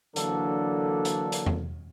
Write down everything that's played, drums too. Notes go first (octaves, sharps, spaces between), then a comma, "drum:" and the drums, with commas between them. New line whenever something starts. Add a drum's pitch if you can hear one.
D3 E3 F#3 A#3 D4 A4, drum: hi-hat
drum: hi-hat
drum: hi-hat
drum: tom E2